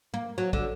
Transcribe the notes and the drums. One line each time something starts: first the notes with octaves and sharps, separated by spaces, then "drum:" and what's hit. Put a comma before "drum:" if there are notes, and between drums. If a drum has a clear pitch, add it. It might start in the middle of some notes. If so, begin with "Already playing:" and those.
A#3
F#3
D3, drum: kick